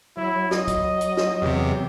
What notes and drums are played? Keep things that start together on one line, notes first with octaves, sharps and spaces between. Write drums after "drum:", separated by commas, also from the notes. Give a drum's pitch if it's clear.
F#3 E4
D#5, drum: snare
drum: kick, hi-hat
drum: hi-hat
drum: snare
E2 C3 G4